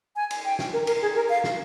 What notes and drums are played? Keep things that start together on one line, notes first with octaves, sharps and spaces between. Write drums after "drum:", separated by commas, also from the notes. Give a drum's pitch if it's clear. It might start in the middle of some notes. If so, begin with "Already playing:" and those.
G#5
drum: cymbal
G5
drum: snare
A#4
A#4, drum: cymbal
G#4
A#4
F5
drum: snare